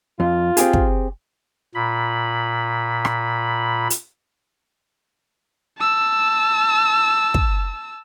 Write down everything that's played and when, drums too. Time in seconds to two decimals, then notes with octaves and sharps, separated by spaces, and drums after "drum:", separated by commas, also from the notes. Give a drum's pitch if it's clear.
0.20 F2 F4
0.57 C4 G4 G#4, drum: hi-hat
0.73 drum: kick
1.75 A#2 B5
3.05 drum: rim click
3.90 drum: hi-hat
5.78 A5 E6
7.34 drum: kick